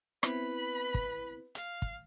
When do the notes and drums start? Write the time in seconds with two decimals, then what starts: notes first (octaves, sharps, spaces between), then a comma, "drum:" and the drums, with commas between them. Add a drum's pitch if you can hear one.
0.23 B3 C4 E4 B4 B5, drum: rim click
0.94 drum: kick
1.55 F5, drum: hi-hat
1.82 drum: kick